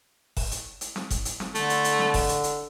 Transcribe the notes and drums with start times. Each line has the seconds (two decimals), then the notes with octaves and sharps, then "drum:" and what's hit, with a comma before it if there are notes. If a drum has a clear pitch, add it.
0.37 drum: kick F#1, open hi-hat
0.51 drum: hi-hat
0.81 drum: hi-hat
0.96 drum: snare
1.10 drum: kick F#1, hi-hat
1.25 drum: hi-hat
1.40 drum: snare
1.55 D3 A3, drum: hi-hat
1.70 drum: hi-hat
1.84 drum: hi-hat
1.99 drum: snare
2.14 drum: kick F#1, open hi-hat
2.29 drum: hi-hat
2.43 drum: hi-hat